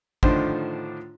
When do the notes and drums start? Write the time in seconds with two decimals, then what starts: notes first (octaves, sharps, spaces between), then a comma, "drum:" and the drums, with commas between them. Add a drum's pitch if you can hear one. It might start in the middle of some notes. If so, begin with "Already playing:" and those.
0.23 A2 D3 D#3 F3 D4 C5, drum: kick